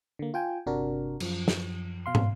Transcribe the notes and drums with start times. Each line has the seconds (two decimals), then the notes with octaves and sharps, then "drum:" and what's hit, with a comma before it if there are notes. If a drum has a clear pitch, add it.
0.19 D3 A#3
0.34 F4 G5 G#5
0.66 G1 C3 D4 F#4 A#4
1.20 F#2 F3, drum: cymbal
1.48 drum: snare
2.06 B2 F5 C6
2.15 drum: tom